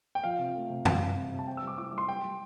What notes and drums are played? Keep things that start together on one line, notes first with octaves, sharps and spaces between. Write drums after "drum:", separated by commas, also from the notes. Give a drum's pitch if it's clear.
G5
F3 F5
C3
A3
C3
G3 F5, drum: tom F#2
C3
C3
C3
A5
C4 G5
G3 E6
D6
E4 D6
G3
C6
G3 G5
G3